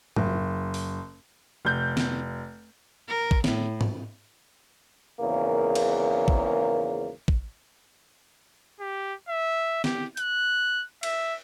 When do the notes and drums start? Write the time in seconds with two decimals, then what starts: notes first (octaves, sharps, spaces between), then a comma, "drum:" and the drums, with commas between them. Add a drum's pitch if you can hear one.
0.16 F#1, drum: tom
0.74 drum: open hi-hat
1.65 F1 G6
1.97 drum: snare
3.08 A#4
3.31 drum: kick
3.44 A2, drum: snare
3.81 drum: tom
5.21 G#1 E2 C#3 A#3 A#4
5.75 drum: cymbal
6.28 drum: kick
7.28 drum: kick
8.80 G4
9.28 E5
9.84 G4, drum: snare
10.17 F#6, drum: hi-hat
11.03 E5, drum: cymbal